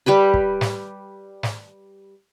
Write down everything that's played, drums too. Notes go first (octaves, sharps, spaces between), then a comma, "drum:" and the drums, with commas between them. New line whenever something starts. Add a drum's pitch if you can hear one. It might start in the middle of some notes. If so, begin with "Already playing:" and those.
G3 G4 B4 B5
drum: kick
drum: snare
drum: snare